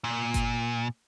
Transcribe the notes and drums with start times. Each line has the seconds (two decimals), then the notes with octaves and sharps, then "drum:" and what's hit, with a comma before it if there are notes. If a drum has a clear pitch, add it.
0.04 A#2
0.34 drum: kick G1, hi-hat